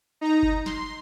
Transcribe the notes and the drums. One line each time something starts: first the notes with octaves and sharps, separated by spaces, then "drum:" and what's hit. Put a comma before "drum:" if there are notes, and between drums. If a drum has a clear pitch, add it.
D#4 A#5
drum: kick F#1
C6, drum: snare